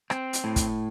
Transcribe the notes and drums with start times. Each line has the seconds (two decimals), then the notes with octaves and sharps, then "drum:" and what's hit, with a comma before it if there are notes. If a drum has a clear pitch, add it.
0.10 C4, drum: rim click
0.33 drum: hi-hat
0.44 A2
0.56 drum: kick, hi-hat